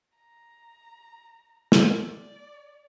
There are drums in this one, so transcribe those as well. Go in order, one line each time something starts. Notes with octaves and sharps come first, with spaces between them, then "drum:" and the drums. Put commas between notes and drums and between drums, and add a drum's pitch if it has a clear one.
A#5
drum: snare
D5